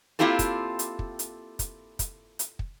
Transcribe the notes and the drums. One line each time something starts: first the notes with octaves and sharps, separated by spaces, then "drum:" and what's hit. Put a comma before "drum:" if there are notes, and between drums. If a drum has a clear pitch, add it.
A#3 C4 E4 F4 G4 A4
drum: kick, hi-hat
drum: hi-hat
drum: kick
drum: hi-hat
drum: kick, hi-hat
drum: kick, hi-hat
drum: hi-hat
drum: kick